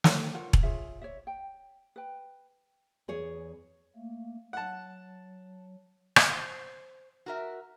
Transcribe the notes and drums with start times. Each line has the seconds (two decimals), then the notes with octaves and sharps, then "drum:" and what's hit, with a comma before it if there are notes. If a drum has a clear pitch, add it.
0.04 C5, drum: snare
0.34 F4 A#4 C#5 F#5
0.53 drum: kick E1
0.63 F4 G#4 C#5 E5
1.01 C#5 D5 E5
1.27 G5
1.96 B4 G5
3.08 E2 G#4 C#5
3.96 A3 A#3
4.53 F#3 F#5 A5
6.16 drum: rim click
6.33 C5
7.26 F#4 A#4 E5